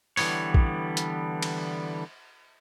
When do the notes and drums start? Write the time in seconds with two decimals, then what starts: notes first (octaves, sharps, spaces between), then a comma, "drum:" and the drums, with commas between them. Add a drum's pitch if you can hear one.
0.17 D3 E3 G3 B3 C#5, drum: open hi-hat
0.54 drum: kick
0.97 drum: hi-hat
1.42 drum: cymbal